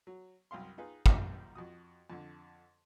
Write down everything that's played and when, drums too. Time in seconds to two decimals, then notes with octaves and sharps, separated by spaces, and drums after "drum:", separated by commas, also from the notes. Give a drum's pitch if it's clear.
0.07 F#3
0.51 C2 F#2 F5 C6
0.78 D#4 F4 G#4 B4
1.06 C#2 F#2 D#3 F3 G3 A#3, drum: kick
1.55 F2 F#4 D#6
2.10 F2 D3